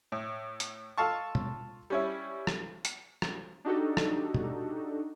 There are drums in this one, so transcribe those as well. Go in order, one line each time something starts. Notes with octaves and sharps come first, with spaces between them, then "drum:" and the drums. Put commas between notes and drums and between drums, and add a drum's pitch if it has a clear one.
A2
drum: hi-hat
F4 A4 F5 A5 C#6
drum: tom B2
G3 C#4 E4
drum: rim click
drum: hi-hat
drum: rim click
D4 D#4 F#4 G4 A4
drum: rim click
drum: tom B2